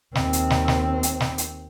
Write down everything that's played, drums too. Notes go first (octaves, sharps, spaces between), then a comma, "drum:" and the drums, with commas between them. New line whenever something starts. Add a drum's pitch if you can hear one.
D#2 C4, drum: snare
drum: hi-hat
drum: snare
drum: snare
drum: hi-hat
drum: snare
drum: hi-hat